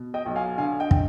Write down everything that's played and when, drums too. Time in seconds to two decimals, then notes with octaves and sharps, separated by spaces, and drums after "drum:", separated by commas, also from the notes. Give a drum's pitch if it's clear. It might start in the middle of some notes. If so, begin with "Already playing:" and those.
Already playing: B2
0.14 D#5 G5
0.26 B1
0.36 F5 G#5
0.58 D3 F5 G#5
0.80 D#5 G5
0.91 drum: kick